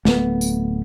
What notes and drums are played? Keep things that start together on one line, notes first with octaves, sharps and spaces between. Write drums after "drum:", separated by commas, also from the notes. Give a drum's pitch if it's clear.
D1 A3 B3, drum: snare
drum: tambourine